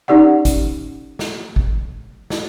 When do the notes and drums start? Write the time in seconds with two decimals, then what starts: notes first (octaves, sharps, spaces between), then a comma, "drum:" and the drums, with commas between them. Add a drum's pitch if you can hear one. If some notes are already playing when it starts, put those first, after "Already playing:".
0.08 C#4 D#4 G4 D5 F#5
0.45 drum: kick, hi-hat
1.19 drum: snare
1.56 drum: kick
2.30 drum: snare